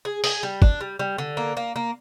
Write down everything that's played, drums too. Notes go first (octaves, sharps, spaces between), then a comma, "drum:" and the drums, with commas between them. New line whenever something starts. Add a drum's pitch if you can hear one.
G#4
G#4, drum: open hi-hat
G3
D4, drum: kick
G3
G3
D3
A#3
A#3
A#3